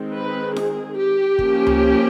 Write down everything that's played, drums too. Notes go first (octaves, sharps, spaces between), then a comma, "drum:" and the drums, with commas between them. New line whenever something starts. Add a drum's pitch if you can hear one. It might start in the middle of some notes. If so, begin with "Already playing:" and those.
Already playing: D#3 G#3 C4
B4
G#4, drum: snare F4
G4
F3 A#3 C#4, drum: kick
drum: tom C#2